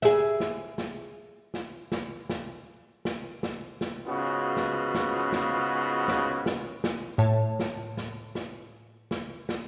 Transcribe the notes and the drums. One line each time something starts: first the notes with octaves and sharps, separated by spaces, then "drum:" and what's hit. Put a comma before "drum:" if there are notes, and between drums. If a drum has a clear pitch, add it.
G#4 E5, drum: snare
drum: snare
drum: snare
drum: snare
drum: snare
drum: snare
drum: snare
drum: snare
drum: snare
G#2 C#3 B3 F4 F#4
drum: snare
drum: snare
drum: snare
drum: snare
drum: snare
drum: snare
A2 C#5 A5
drum: snare
drum: snare
drum: snare
drum: snare
drum: snare